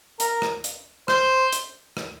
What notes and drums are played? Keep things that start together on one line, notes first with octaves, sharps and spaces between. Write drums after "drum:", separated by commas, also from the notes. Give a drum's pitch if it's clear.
A#4, drum: hi-hat
drum: rim click
drum: hi-hat
C5, drum: rim click
drum: hi-hat
drum: rim click